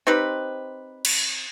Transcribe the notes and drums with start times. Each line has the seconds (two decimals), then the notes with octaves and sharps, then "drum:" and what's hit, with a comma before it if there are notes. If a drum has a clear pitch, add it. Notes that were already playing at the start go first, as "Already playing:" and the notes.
0.07 C4 D#4 G4 B4
1.05 drum: cymbal